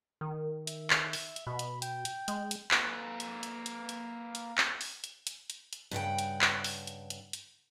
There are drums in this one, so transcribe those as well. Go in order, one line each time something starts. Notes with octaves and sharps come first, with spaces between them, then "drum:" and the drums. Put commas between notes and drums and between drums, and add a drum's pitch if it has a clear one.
D#3
E5, drum: hi-hat
drum: clap
drum: open hi-hat
drum: hi-hat
B2 B5
drum: hi-hat
G5, drum: hi-hat
drum: hi-hat
G#3, drum: hi-hat
drum: hi-hat
A#3 A4 B4 G#5, drum: clap
drum: hi-hat
drum: hi-hat
drum: hi-hat
drum: hi-hat
drum: hi-hat
drum: clap
drum: open hi-hat
drum: hi-hat
drum: hi-hat
drum: hi-hat
drum: hi-hat
G2 C#3 F#5 G5
drum: hi-hat
drum: clap
drum: open hi-hat
drum: hi-hat
drum: hi-hat
drum: hi-hat